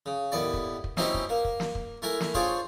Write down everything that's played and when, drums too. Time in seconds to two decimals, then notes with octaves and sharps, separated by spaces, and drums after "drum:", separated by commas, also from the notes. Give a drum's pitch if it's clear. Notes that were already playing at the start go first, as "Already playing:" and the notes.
0.06 C#3
0.32 D#2 A2 B3 D5
0.54 drum: kick
0.84 drum: kick
0.97 B2 C4 C#4 D#4 E4 G4, drum: snare
1.14 drum: kick
1.29 A#3
1.45 drum: kick
1.60 drum: snare
1.75 drum: kick
2.02 A3 E4 A#4 G#5
2.20 drum: snare
2.34 D4 F4 G#4 C5 C#5, drum: kick